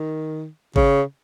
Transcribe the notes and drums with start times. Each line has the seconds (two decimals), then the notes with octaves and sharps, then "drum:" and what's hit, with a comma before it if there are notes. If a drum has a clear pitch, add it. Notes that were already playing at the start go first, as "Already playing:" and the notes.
Already playing: D#3
0.76 C#3, drum: kick